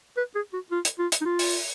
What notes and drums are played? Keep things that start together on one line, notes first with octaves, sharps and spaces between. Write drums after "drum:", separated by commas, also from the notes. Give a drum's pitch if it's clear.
B4
G#4
F#4
F4
drum: hi-hat
F4
drum: hi-hat
D#4
F4
drum: open hi-hat